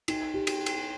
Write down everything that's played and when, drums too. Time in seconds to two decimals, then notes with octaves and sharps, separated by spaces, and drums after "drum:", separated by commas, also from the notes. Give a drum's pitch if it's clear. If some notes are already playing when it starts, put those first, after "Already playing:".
0.08 D#4, drum: cymbal
0.34 G4
0.47 drum: cymbal
0.66 drum: cymbal